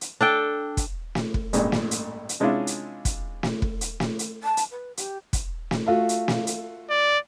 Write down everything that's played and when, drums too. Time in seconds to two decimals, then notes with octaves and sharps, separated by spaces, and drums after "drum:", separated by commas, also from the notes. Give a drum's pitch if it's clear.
0.01 drum: hi-hat
0.21 D4 A4 G5
0.77 drum: kick, hi-hat
1.15 drum: snare
1.34 drum: kick
1.53 A1 G2 A#2 G#3, drum: hi-hat
1.72 drum: snare
1.91 drum: hi-hat
2.29 drum: hi-hat
2.40 C3 G#3 C#4 D4 E4 F4
2.67 drum: hi-hat
3.05 drum: kick, hi-hat
3.43 drum: snare
3.62 drum: kick
3.81 drum: hi-hat
4.00 drum: snare
4.19 drum: hi-hat
4.43 A5
4.57 drum: hi-hat
4.71 B4
4.97 G4, drum: hi-hat
5.33 drum: kick, hi-hat
5.71 drum: snare
5.86 A3 F4 F#4
6.09 drum: hi-hat
6.28 drum: snare
6.47 drum: hi-hat
6.90 D5